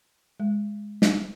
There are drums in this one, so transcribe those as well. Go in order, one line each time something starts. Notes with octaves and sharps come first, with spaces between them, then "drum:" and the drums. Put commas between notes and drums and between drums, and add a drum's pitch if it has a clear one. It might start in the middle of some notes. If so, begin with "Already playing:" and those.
G#3
drum: snare